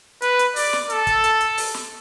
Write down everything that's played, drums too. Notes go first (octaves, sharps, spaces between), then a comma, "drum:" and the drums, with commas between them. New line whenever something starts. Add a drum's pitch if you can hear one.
B4, drum: hi-hat
drum: hi-hat
D5, drum: open hi-hat
drum: snare
A4, drum: hi-hat
drum: kick, hi-hat
drum: hi-hat
drum: hi-hat
drum: open hi-hat
drum: snare